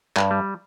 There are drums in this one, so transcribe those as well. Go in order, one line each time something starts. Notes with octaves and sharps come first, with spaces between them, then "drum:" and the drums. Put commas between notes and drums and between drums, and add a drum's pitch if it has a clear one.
G2, drum: clap
G3